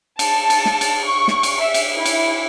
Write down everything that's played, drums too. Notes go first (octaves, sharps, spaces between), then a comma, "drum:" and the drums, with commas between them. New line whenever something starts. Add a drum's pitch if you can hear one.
A5, drum: cymbal
drum: cymbal
drum: snare
drum: cymbal
C#6
drum: snare
drum: cymbal
E5
drum: cymbal
E4
drum: cymbal